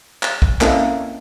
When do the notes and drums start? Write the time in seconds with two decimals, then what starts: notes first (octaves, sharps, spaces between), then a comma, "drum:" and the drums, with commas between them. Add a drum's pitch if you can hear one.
0.23 drum: clap
0.42 drum: kick
0.61 A#3 C4 C#4 E4 A4 D#5, drum: clap